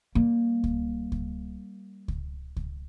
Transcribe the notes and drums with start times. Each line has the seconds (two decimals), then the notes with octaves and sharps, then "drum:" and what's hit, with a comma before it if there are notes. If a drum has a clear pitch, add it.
0.15 G3 A#3
0.64 drum: kick C#2
1.12 drum: kick C#2
2.08 drum: kick C#2
2.56 drum: kick C#2